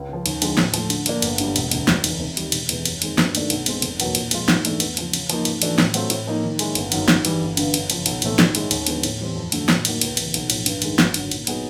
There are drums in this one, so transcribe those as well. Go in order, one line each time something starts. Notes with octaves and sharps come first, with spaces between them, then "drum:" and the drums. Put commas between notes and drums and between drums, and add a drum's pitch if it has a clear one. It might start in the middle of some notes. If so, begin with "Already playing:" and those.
Already playing: C#2
C#3 F3
D#2, drum: cymbal
D3 F3 G#3, drum: cymbal
A2, drum: snare
F3 A3, drum: cymbal
D3, drum: cymbal
F3 A#3 D4, drum: cymbal
G1, drum: cymbal
F#2 D3 G3, drum: cymbal
E1, drum: cymbal
D2 C3, drum: cymbal
F1, drum: snare
D#2 C#3 E3, drum: cymbal
C3
D#3 G3, drum: cymbal
E1, drum: cymbal
E2 C3 E3 G#3, drum: cymbal
F#2, drum: cymbal
D#3 G#3 C4, drum: cymbal
G2, drum: snare
D#3 F#3 A3 D4, drum: cymbal
B1, drum: cymbal
B2 G#3 C4, drum: cymbal
F1, drum: cymbal
E2 B2 F#3 A#3, drum: cymbal
A#2, drum: cymbal
F3 G#3 C4 F4, drum: cymbal
G#2, drum: snare
E3 A3 D4, drum: cymbal
E2, drum: cymbal
C#3 F3, drum: cymbal
C#3, drum: cymbal
F3 A#3 D#4, drum: cymbal
G#2, drum: cymbal
E3 A3 D4 F#4, drum: cymbal
A2, drum: snare
F#3 A3 C4 F4, drum: cymbal
A2, drum: cymbal
F3 A#3 D#4
D#3
G#3 C#4 E4, drum: cymbal
G1, drum: cymbal
F#2 D#3 F#3, drum: cymbal
G#2, drum: snare
E3 G3, drum: cymbal
G1
G2 D3, drum: cymbal
F#2, drum: cymbal
C#3 F3, drum: cymbal
B1, drum: cymbal
A2 E3 A3 C4, drum: cymbal
D#3, drum: snare
G#3 C#4 E4 G#4, drum: cymbal
D#2, drum: cymbal
D3 F3 G#3 B3, drum: cymbal
A2, drum: cymbal
E3 G3 C4
F2
D3 F#3 A3, drum: cymbal
A2, drum: snare
F#3 A#3 D#4, drum: cymbal
C#2, drum: cymbal
C3 E3, drum: cymbal
B1, drum: cymbal
A2 F3, drum: cymbal
G2, drum: cymbal
D#3 G#3, drum: cymbal
G#1, drum: snare
F#2 D3 F#3, drum: cymbal
A#2, drum: cymbal
F#3 B3 D#4 G#4, drum: cymbal